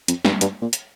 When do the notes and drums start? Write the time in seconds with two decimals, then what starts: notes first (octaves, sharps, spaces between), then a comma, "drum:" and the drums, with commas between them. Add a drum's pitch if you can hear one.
0.08 F2, drum: hi-hat
0.25 G2, drum: snare
0.41 G2, drum: hi-hat
0.62 A#2
0.73 drum: hi-hat